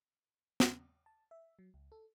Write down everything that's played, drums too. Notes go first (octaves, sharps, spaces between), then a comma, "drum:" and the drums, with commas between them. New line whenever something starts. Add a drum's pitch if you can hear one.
drum: snare
A5
E5
F#3
C#2
A4